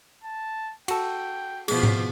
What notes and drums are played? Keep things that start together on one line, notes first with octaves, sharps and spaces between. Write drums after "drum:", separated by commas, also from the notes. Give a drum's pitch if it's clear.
A5
F#4 A4 G5, drum: cymbal
B2 F3 G#4, drum: cymbal
drum: tom G#2